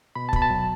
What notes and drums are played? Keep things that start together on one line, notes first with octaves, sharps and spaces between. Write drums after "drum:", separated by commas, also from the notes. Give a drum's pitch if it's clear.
B2 B5
A5
B2 B5, drum: kick
A5
F#3